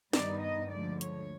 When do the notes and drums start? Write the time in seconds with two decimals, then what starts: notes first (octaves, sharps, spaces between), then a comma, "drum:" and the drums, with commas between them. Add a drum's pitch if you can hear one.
0.13 G2 D#3 G3 B3 D#4 D5, drum: snare
0.42 D#5
0.71 D2 D3 F3 G#3 D5
1.01 C#5, drum: hi-hat